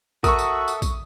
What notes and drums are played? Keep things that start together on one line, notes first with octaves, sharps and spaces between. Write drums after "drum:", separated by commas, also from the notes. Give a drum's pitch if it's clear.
F#4 A4 A#4 E5 C#6 D#6, drum: kick A#1, tambourine
drum: tambourine
drum: tambourine
drum: kick A#1, tambourine